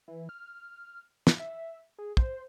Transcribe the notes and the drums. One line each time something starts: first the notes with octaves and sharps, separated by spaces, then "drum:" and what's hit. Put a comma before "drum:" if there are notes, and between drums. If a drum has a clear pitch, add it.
E3
F6
drum: snare
E5
G#4
C5, drum: kick